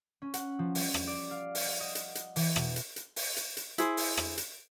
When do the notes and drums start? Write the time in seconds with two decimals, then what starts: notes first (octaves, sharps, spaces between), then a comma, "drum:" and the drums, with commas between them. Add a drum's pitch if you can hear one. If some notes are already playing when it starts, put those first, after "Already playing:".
0.22 C#4
0.34 F#5, drum: hi-hat
0.59 F3
0.75 G3, drum: open hi-hat
0.94 drum: rim click
1.07 D5
1.31 F5
1.55 drum: open hi-hat
1.65 F#5
1.80 D#5
1.95 drum: hi-hat
2.15 drum: hi-hat
2.36 E3, drum: open hi-hat
2.56 B2, drum: rim click
2.76 drum: hi-hat
2.96 drum: hi-hat
3.16 drum: open hi-hat
3.37 drum: hi-hat
3.57 drum: hi-hat
3.78 E4 G#4 C5, drum: hi-hat
3.97 drum: open hi-hat
4.17 drum: rim click
4.38 drum: hi-hat